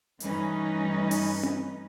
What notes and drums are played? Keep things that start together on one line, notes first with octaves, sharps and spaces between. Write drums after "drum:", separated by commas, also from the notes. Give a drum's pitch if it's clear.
G2 E3 A3 C#4 D#4 B4, drum: hi-hat
drum: open hi-hat
drum: tom C4